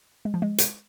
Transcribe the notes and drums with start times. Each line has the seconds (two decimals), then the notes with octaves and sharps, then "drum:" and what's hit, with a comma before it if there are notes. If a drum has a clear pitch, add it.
0.25 G#3
0.34 F3
0.42 G#3
0.58 drum: hi-hat